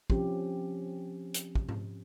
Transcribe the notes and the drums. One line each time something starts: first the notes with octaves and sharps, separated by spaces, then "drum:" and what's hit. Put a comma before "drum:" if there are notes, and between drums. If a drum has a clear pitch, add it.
F3 C4 C#4 G4, drum: kick
drum: hi-hat
drum: kick
drum: tom G#2